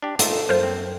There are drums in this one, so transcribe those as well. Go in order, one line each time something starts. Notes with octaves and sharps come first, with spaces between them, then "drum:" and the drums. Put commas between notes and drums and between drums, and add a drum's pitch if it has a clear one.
D4 G4
A3 D#4 F4 A4, drum: hi-hat
F#2 F4 A#4 C5
C4